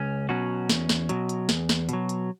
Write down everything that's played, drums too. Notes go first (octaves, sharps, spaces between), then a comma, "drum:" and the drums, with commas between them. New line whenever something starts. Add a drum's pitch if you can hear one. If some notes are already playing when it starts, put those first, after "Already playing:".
Already playing: C#2 C#4
B2 F#3 C#4 F#4
E2, drum: snare
drum: snare
B2 F#3, drum: hi-hat
drum: hi-hat
E2, drum: snare
drum: snare
B2 F#3, drum: hi-hat
drum: hi-hat